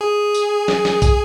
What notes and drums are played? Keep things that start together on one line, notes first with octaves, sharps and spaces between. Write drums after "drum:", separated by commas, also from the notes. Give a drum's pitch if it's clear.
G#4
drum: tambourine
drum: snare
drum: snare
drum: kick, tambourine